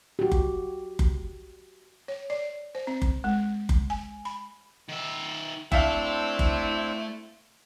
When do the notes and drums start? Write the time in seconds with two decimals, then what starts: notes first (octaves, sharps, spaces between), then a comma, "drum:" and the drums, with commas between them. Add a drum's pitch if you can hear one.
0.19 F#4 G4
0.32 drum: kick F#1
0.99 drum: kick F#1
2.08 C#5
2.30 D5
2.75 C5
2.87 C4
3.02 drum: kick F#1
3.24 G#3
3.69 drum: kick F#1
3.90 G#5
4.25 B5
4.89 D#3 E5
5.72 A3 C4 D4 E4 A4 C5 E5 F5, drum: kick F#1
6.39 drum: kick F#1